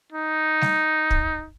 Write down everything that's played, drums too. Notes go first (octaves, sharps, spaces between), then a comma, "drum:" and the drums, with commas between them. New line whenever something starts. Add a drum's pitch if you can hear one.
D#4
drum: snare G3
drum: kick